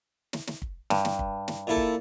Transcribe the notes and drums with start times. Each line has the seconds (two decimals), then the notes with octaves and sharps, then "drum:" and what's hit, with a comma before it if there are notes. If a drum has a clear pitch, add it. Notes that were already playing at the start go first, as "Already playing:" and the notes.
0.33 drum: snare
0.47 drum: snare
0.62 drum: kick
0.90 G2, drum: snare
1.05 drum: snare
1.19 drum: kick
1.48 drum: snare
1.67 A#2 E4 A4
1.76 drum: kick